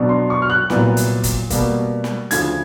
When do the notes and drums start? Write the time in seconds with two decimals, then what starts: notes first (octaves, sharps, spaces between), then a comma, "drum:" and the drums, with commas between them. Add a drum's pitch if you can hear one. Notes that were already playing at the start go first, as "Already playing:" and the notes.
Already playing: B2 F#3 B3 D4
0.09 C6
0.30 C#6
0.42 F6
0.50 F#6
0.70 C2 A#2 F#3 B3, drum: snare
0.97 drum: hi-hat
1.23 drum: kick, hi-hat
1.50 B2 G3 A#3, drum: kick, hi-hat
2.04 drum: snare
2.31 D2 C#3 F3 G#6, drum: hi-hat